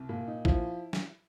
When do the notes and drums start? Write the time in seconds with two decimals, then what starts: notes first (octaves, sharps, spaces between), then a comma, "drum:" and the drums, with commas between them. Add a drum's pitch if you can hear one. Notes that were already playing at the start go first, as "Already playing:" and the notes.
Already playing: C2
0.09 A#2
0.28 D#4
0.45 F3 E4, drum: kick A1
0.93 drum: snare